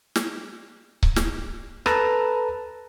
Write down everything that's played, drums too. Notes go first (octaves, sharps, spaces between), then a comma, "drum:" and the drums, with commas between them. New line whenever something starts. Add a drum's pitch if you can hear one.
drum: snare
drum: kick C#1
drum: snare
A4 B4 A5 A#5, drum: rim click